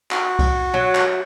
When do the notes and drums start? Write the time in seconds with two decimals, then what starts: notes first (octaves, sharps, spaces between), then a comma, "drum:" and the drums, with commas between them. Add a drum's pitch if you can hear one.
0.11 F#4, drum: clap
0.39 drum: kick C2, cymbal
0.74 F#3
0.95 drum: clap